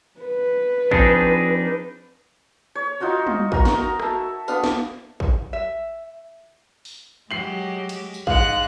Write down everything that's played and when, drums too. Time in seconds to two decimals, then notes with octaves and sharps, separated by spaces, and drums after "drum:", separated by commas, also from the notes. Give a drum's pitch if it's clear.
0.20 B4
0.91 F3 C4 D4 D#4 G#4, drum: kick A1
2.75 C#5
3.00 D#4 F4 F#4 C#5
3.27 drum: tom G3
3.52 F#4 A#4 A#5 C6, drum: kick A1
3.65 drum: snare
3.99 E5 A5, drum: rim click
4.48 B3 D4 F5 F#5, drum: tambourine
4.64 drum: snare
5.20 drum: kick A1
5.53 E5
6.85 drum: open hi-hat
7.31 F#3 G#3 G4 C7 F#7
7.89 drum: cymbal
8.14 drum: tambourine
8.27 G#2 G#3 F5 F#6 C#7, drum: kick A1